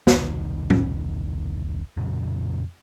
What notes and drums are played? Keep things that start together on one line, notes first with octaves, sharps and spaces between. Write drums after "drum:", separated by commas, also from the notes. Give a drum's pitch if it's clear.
E1 C2 D#3, drum: snare
drum: tom
F2 A#2 C#3 F#3